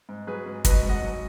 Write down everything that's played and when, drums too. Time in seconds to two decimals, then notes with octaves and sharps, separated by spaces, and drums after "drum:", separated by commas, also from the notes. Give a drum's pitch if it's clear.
0.09 G#2
0.27 F#3 G#4 B4
0.46 G#2
0.65 F#3 B4 D#5, drum: kick, hi-hat
0.83 G#2
0.89 D#5 F#5
1.02 F#3